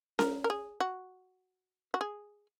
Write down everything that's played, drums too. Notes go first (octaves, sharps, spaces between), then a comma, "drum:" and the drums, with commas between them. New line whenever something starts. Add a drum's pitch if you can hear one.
A#4, drum: snare C#4
A#4
G#4
F#4
F#4
G#4